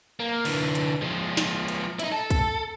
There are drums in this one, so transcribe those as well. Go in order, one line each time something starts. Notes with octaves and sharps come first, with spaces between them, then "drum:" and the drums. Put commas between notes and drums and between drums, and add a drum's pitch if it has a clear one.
A#3
D3 E3, drum: open hi-hat
drum: hi-hat
F3 G#3
drum: snare
drum: hi-hat
D#4 E4, drum: hi-hat
A4
drum: kick, hi-hat